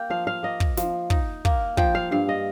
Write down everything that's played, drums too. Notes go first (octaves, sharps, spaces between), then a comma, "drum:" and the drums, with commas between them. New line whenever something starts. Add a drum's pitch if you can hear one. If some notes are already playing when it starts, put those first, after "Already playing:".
Already playing: A#3 G5
F3 F5
F5
A#3 D#5
drum: kick
F3, drum: snare
D#4, drum: kick
A#3, drum: kick
F3 G5, drum: kick
F5
G2 F5
D#5